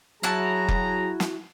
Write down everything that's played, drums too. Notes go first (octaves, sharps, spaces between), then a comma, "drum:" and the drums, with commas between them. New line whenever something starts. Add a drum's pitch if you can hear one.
F#3 E4 F#4 G#4 A5 A#5
drum: kick F1
drum: snare